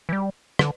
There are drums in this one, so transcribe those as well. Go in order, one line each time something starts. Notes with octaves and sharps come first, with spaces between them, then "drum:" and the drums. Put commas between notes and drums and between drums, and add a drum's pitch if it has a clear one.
E3
G3
D3, drum: rim click